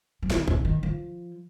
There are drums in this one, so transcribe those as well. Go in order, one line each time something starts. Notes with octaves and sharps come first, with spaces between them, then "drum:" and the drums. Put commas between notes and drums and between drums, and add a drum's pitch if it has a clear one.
F3
D#3, drum: snare D#4
C#3, drum: kick
D#3
F3